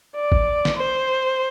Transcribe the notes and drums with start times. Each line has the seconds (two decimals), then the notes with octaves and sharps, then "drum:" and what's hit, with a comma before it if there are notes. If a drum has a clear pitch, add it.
0.15 D5
0.32 drum: kick G#1
0.65 drum: snare
0.76 C5